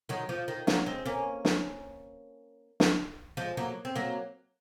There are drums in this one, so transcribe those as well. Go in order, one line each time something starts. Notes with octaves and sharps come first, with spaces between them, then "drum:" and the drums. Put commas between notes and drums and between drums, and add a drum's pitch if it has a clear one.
D#3 F#3
F3
D#3
F#3 A#3, drum: snare
G#3 C4
A#3 C#4
drum: snare
drum: snare
F3 G#3
F#3 A#3
C4
F#3 A#3